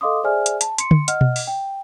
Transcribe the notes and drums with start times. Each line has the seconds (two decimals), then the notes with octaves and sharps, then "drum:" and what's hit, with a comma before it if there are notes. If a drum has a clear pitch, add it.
0.01 A4 D#5 F5 C6 D6 D#6
0.24 G#4 C5 D5 E5 G#5 F6
0.46 drum: hi-hat
0.61 A5, drum: hi-hat
0.78 C6 C#7, drum: hi-hat
0.91 drum: tom D3
1.08 D#5 F#5 F6, drum: hi-hat
1.21 drum: tom B2
1.36 drum: open hi-hat
1.47 G5